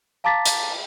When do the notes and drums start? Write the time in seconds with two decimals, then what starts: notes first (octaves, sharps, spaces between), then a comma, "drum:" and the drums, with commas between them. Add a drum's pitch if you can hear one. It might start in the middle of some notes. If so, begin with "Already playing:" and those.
0.24 F5 A5 A#5 D6 A6 B6
0.46 drum: hi-hat